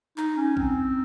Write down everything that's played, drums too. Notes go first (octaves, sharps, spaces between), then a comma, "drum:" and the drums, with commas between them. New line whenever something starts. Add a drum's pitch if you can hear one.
D#4, drum: clap
C#4
C4, drum: kick A#1